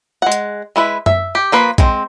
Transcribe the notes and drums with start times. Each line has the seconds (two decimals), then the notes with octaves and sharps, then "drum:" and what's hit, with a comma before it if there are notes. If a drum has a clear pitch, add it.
0.22 G#3 F#5
0.32 drum: hi-hat
0.76 G#3 E4 B4
1.06 E5, drum: tom F#2
1.35 G4
1.52 F3 A#3 B4
1.78 G#3 C4, drum: kick A#1, hi-hat